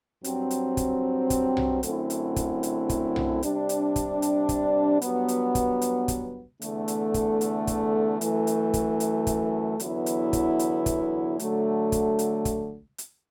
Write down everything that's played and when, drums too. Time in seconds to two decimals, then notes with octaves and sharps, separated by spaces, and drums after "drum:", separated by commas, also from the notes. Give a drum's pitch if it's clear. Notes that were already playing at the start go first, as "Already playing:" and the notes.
0.24 G2 F#3 C4, drum: hi-hat
0.51 drum: hi-hat
0.77 drum: kick, hi-hat
1.30 drum: kick, hi-hat
1.57 drum: tom B1
1.83 F#2 D3 A3 C4 E4, drum: hi-hat
2.10 drum: hi-hat
2.36 drum: kick, hi-hat
2.63 drum: hi-hat
2.89 drum: kick, hi-hat
3.16 drum: tom B1
3.43 C3 G3 D4, drum: hi-hat
3.69 drum: hi-hat
3.96 drum: kick, hi-hat
4.22 drum: hi-hat
4.49 drum: kick, hi-hat
5.02 G2 F#3 B3, drum: hi-hat
5.28 drum: hi-hat
5.55 drum: kick, hi-hat
5.82 drum: hi-hat
6.08 drum: kick, hi-hat
6.62 E2 D3 A3, drum: hi-hat
6.88 drum: hi-hat
7.14 drum: kick, hi-hat
7.41 drum: hi-hat
7.67 drum: kick, hi-hat
8.21 F#2 E3 A3, drum: hi-hat
8.47 drum: hi-hat
8.74 drum: kick, hi-hat
9.00 drum: hi-hat
9.27 drum: kick, hi-hat
9.80 E2 D3 F#3 B3 E4, drum: hi-hat
10.06 drum: hi-hat
10.33 drum: kick, hi-hat
10.59 drum: hi-hat
10.86 drum: kick, hi-hat
11.39 D3 F#3 A3, drum: hi-hat
11.92 drum: kick, hi-hat
12.19 drum: hi-hat
12.45 drum: kick, hi-hat
12.98 drum: hi-hat